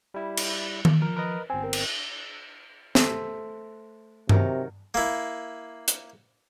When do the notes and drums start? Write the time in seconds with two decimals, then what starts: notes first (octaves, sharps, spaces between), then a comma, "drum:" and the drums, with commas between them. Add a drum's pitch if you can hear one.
0.14 G3 E4
0.37 drum: cymbal
0.85 drum: tom D#3
1.02 F3 A#4
1.17 A#4 B4 D#5
1.50 G1 C4 G#5
1.64 A#4
1.73 drum: cymbal
2.95 A3 C5, drum: snare
4.29 C3 D#3 F#3 A#4, drum: tom G2
4.94 A#3 E4
5.88 drum: hi-hat